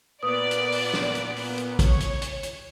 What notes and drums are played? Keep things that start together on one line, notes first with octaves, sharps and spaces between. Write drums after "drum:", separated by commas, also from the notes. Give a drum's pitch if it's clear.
A#2 B3 B4 D5 D#6
drum: hi-hat
drum: open hi-hat
drum: snare
drum: hi-hat
drum: open hi-hat
drum: hi-hat
C#5, drum: kick, hi-hat
drum: hi-hat
drum: hi-hat
drum: hi-hat